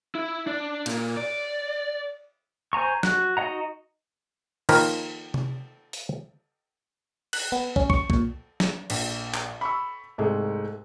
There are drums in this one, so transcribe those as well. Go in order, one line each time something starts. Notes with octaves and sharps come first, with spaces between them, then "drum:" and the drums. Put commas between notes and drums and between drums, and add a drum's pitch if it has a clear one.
E4
D4
A#2, drum: cymbal
D5
C5 G#5 A#5 C#6
F#4 F#6, drum: snare
D#4 F#4 D#5 F#5 A#5
D#3 F3 A#3 A#4 B4 C#5, drum: cymbal
drum: tom C3
drum: open hi-hat
F#6, drum: cymbal
B3
C#4, drum: kick
C#6, drum: kick
A#2, drum: kick
drum: snare
A#1, drum: cymbal
drum: clap
B5 C#6 E6
C2 G#2 G#3 A3